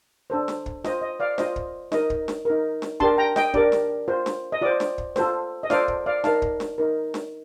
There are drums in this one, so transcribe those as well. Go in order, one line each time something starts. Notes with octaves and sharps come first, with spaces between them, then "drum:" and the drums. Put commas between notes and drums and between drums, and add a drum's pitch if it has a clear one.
D4 A4 C5
drum: snare D4
drum: kick
F4 C5 D#5, drum: snare D4
D#5
D5 F5
F4 C5 D#5, drum: snare D4
drum: kick
D#4 A#4 D#5, drum: snare D4
drum: kick
drum: snare D4
D#4 A#4
drum: snare D4
D4 G4 A#4 A5 C6, drum: kick
G5 A#5
D#5 G5, drum: snare D4
D4 G4 A#4 D5, drum: kick
drum: snare D4
F4 C5
drum: snare D4
D#5
F4 C5 D5
drum: snare D4
drum: kick
F4 A4 C5, drum: snare D4
D#5
F4 A4 C5 D5 F5, drum: snare D4
drum: kick
D5 F5
D#4 A#4 F5 A5, drum: snare D4
drum: kick
drum: snare D4
D#4 A#4
drum: snare D4